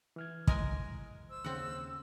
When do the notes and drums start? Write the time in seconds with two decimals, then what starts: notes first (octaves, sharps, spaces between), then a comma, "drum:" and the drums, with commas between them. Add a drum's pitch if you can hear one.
0.16 E3 F6 G#6
0.47 G#3 A#4 G#5, drum: kick
1.30 C5 E6
1.44 D#2 C#3 C4 F#5